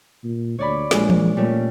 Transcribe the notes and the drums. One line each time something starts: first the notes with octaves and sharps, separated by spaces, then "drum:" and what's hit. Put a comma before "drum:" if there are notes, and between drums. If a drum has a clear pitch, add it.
A#2
D2 C#5 D5 B5
A#1 A#2 G#3, drum: snare
drum: tom E3
A#2 G3 A3 C#4